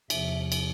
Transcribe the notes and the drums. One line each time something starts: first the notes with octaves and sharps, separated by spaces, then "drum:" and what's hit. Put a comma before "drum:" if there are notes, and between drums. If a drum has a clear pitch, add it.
E2 C3 F3 E5, drum: cymbal
drum: cymbal